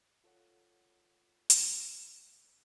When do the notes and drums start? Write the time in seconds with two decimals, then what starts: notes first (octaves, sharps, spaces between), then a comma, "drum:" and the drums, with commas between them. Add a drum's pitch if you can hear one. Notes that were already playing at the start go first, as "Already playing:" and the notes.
0.24 F4 A4 C#5 F#5
1.50 drum: hi-hat